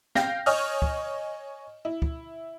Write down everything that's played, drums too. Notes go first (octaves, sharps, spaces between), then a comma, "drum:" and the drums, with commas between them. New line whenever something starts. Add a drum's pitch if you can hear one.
F5 G5 G6 A#6, drum: snare
C#5 D#5 G#5 C#6 D#6 F6, drum: open hi-hat
drum: kick
E4
drum: kick